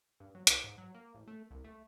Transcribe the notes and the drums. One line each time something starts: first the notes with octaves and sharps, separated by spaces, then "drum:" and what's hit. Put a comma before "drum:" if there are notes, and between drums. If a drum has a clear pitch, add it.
G2
F#3
C2, drum: hi-hat
G#2
F#3
A#3
A1
A3
C2
A3